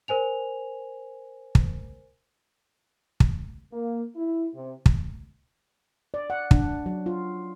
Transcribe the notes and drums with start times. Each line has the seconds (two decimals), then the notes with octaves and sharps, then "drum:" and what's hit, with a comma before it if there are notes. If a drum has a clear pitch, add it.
0.08 A#4 C5 G#5 F7
1.55 drum: kick
3.20 drum: kick
3.72 A#3
4.16 E4
4.55 C3
4.86 drum: kick
6.14 D5
6.30 F#5
6.51 D4, drum: kick
6.86 F#3
7.06 F4